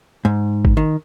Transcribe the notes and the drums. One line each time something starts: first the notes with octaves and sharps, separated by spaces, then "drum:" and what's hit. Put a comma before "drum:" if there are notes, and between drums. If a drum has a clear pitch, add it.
G#2
drum: kick
D#3